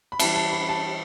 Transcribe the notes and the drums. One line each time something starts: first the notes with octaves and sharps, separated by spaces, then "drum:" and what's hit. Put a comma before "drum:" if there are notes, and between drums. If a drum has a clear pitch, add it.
B5
E3 G3 E4 A5, drum: cymbal
A5
B5
A5